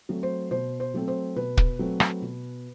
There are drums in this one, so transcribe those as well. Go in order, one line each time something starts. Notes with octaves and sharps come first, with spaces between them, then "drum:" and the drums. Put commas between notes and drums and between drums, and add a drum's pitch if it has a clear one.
F#3 A3 C4
C5
B2 C5
C5
F#3 A3 C4
C5
B2 B4
drum: kick
F#3 A3 C4
drum: rim click
B2